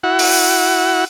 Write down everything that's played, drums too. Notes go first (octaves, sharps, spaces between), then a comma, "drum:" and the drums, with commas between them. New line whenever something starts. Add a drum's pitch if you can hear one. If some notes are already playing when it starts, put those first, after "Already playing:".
E4 F#4 F#5
drum: open hi-hat